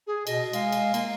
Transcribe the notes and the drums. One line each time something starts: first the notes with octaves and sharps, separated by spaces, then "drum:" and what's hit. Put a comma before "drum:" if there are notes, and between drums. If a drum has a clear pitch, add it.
G#4
B2 D#5, drum: cymbal
G#3 F5, drum: cymbal
drum: cymbal
A#3, drum: cymbal